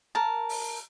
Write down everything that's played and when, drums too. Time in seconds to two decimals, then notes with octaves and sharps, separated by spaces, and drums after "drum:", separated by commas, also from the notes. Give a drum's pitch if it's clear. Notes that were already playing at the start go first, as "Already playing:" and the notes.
0.15 A#4 A5
0.49 drum: open hi-hat